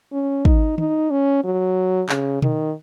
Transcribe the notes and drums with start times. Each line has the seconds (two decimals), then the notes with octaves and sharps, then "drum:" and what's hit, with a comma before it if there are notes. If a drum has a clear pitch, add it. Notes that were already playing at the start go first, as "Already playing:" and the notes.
0.12 C#4
0.45 D#4, drum: kick
0.78 D#4, drum: tom D#3
1.11 C#4
1.44 F#3
2.09 C#3, drum: clap
2.42 D#3, drum: tom B2